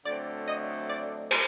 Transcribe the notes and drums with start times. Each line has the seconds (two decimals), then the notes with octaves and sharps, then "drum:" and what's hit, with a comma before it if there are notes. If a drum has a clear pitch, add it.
0.05 D3 F#3 A3 C4 D5
0.48 D#5
0.89 D5
1.31 C5, drum: cymbal